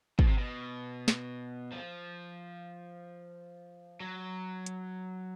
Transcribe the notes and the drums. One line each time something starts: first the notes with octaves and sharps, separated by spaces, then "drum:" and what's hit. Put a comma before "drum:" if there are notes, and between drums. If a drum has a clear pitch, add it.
B2, drum: kick
C3
B2
drum: snare
F3
F#3
drum: hi-hat